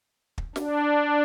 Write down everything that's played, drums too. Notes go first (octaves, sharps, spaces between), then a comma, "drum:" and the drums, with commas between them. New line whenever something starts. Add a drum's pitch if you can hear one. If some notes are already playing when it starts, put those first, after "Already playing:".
drum: kick
D4, drum: snare